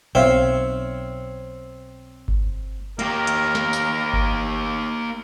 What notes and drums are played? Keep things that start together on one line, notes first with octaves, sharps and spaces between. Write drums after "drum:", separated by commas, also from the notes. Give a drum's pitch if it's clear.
B1 C4 C#5 E5 F5
drum: kick G1
A#3 G4 A#4, drum: hi-hat
drum: hi-hat
drum: snare
drum: tambourine
drum: kick G1